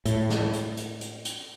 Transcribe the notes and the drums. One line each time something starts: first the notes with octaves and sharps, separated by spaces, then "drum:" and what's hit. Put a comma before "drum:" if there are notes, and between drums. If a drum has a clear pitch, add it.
A2, drum: hi-hat
drum: snare
drum: hi-hat
drum: hi-hat
drum: hi-hat
drum: hi-hat